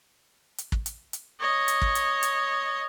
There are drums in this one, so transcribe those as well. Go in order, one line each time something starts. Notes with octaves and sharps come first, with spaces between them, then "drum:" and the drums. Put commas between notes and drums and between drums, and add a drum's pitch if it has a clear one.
drum: hi-hat
drum: kick
drum: hi-hat
drum: hi-hat
C#5 D#5
drum: hi-hat
drum: kick
drum: hi-hat
drum: hi-hat